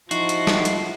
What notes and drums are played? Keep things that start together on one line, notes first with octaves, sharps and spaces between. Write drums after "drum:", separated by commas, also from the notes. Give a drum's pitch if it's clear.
F3 D#4 E4 F#4 C6, drum: hi-hat
drum: hi-hat
drum: snare
drum: hi-hat